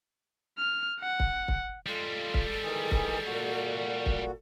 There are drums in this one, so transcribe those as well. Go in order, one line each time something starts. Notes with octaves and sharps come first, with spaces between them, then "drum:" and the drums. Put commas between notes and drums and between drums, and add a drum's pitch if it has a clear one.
F6
F#5
drum: kick
drum: kick
G3 G#3 F4 A4
drum: kick
D#3 E3 G#4
drum: kick
A#2 F#4
drum: kick